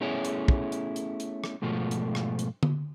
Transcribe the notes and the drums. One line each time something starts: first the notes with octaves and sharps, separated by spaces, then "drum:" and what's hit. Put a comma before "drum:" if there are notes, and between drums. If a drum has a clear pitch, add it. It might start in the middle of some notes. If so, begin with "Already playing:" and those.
A3 B3 C#4 E4 G#4 C#5
drum: hi-hat
drum: kick
drum: hi-hat
drum: hi-hat
drum: hi-hat
drum: rim click
G#2 B2 F3 A3 F4
drum: hi-hat
drum: rim click
drum: hi-hat
drum: tom D3